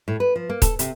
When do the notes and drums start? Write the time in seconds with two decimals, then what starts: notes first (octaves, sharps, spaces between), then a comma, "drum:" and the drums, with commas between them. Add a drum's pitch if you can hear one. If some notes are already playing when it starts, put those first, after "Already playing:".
0.08 A2
0.20 B4
0.36 F3
0.50 A#3
0.62 A4, drum: kick D#1, hi-hat
0.79 C3, drum: hi-hat